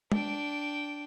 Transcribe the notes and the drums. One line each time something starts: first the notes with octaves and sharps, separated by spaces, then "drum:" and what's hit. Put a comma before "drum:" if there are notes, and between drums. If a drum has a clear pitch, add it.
D4 G5, drum: tom G#3